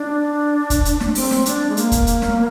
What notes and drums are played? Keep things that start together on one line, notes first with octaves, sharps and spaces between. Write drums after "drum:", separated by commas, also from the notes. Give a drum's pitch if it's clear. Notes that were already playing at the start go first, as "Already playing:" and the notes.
Already playing: D4
drum: kick, hi-hat
drum: hi-hat
drum: snare
C4, drum: open hi-hat
drum: snare
D4, drum: hi-hat
G#3
A#3, drum: hi-hat
drum: kick, hi-hat
drum: hi-hat
drum: snare